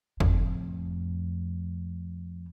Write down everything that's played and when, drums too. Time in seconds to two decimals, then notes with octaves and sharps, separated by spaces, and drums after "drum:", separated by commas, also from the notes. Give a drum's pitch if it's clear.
0.20 F2 A2, drum: kick